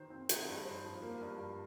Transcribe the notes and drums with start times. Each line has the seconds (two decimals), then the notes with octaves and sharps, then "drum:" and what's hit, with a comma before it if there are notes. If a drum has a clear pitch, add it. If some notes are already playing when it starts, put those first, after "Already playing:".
Already playing: D#3 D#4 C5
0.10 C4
0.29 D#4, drum: hi-hat
0.48 G2
0.65 C5
0.84 F3
1.02 A#3
1.21 G2
1.39 G2